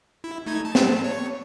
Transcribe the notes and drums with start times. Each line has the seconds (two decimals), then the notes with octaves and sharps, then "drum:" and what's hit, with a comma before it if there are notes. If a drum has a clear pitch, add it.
0.24 E4
0.46 A3 D#4 G#6
0.65 A5
0.75 drum: snare
1.04 C#5